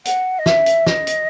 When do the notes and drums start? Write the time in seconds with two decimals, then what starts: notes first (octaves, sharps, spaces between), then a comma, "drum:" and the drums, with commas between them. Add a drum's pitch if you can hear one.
0.05 F#5, drum: hi-hat
0.39 D#5
0.46 E5, drum: snare
0.66 drum: hi-hat
0.86 D#5, drum: snare
1.07 drum: hi-hat